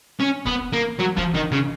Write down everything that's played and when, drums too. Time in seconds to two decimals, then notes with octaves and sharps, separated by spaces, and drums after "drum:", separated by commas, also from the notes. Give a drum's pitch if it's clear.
0.20 C#4
0.46 B3, drum: kick
0.73 A#3
1.00 F#3
1.17 F3, drum: kick
1.35 D#3
1.52 C#3